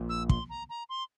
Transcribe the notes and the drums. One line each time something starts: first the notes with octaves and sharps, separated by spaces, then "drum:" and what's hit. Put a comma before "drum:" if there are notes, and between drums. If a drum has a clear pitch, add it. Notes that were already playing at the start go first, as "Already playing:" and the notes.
Already playing: A#1 A#2
E6
C6, drum: kick
A#5
A#5
C6